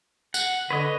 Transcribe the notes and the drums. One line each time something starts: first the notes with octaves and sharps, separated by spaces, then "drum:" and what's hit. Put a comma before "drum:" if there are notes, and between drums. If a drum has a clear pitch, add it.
F#5, drum: tambourine
D3 B4 C#5 D#5